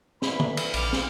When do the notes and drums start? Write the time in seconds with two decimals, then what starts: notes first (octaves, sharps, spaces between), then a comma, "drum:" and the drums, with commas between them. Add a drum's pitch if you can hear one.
0.22 D3 E3 B5, drum: snare
0.40 drum: tom
0.57 drum: cymbal
0.74 A#1 D6 F6, drum: cymbal
0.93 drum: snare